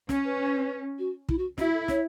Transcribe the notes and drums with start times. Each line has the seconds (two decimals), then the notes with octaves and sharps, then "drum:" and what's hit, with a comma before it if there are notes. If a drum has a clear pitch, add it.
0.09 C#4, drum: snare
0.24 B4
0.98 F#4
1.29 E4, drum: kick
1.38 F#4
1.58 E4 F#4, drum: snare
1.73 A4
1.88 C#5, drum: snare